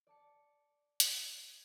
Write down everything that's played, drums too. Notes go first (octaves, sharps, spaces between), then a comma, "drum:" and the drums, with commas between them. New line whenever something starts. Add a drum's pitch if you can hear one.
D5 A5 C#7
drum: hi-hat